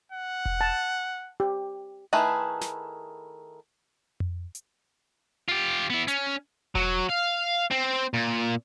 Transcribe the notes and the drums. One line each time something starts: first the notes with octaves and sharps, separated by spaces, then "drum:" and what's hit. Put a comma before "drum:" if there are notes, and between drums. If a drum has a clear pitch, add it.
F#5
drum: kick E1
A5
G4
D#3 A3 E4 G#4 B4
drum: snare
drum: tom F2
drum: hi-hat
F4 G4
B3 E4
C#4, drum: hi-hat
F#3, drum: kick E1
F5
C4
A#2